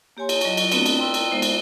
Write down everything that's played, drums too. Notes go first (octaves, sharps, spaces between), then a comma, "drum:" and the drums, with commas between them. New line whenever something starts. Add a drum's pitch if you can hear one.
A#3 G4 C#5 G#5 C6
drum: cymbal
F#3 D5 D#5 C#6, drum: cymbal
drum: cymbal
A3 B3 C4 D4 F#4 B4, drum: cymbal
drum: cymbal
B4 G5 C6 E6
drum: cymbal
G#3 A#3 B3 D#4 C5 E5
drum: cymbal